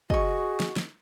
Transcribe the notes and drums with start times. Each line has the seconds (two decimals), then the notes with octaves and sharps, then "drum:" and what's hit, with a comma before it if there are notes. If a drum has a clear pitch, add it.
0.10 F#4 G#4 D#5 C#6, drum: kick
0.60 drum: snare
0.76 drum: snare